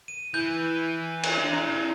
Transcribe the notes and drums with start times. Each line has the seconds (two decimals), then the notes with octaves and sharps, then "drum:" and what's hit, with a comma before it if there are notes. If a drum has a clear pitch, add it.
0.08 D#7
0.34 E3 G6
1.23 drum: cymbal
1.38 D4
1.53 E4 A#5